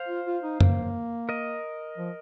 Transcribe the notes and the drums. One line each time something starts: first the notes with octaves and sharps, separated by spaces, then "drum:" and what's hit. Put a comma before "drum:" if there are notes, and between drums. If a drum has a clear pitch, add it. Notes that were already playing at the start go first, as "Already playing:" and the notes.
Already playing: C5 F5
F4
F4
D#4
A#3, drum: tom F#2
A#4 D#5
F3